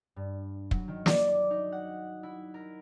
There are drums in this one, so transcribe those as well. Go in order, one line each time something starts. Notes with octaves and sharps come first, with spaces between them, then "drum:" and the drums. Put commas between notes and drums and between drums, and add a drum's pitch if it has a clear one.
G2
F#3, drum: kick
D#3
D5, drum: snare
D6
D#4
F#5
E4
A#4